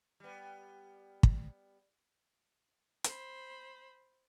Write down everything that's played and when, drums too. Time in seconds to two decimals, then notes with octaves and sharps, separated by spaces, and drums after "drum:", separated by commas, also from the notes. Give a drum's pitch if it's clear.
0.20 G3 B3
1.23 drum: kick
3.04 C5 B5, drum: hi-hat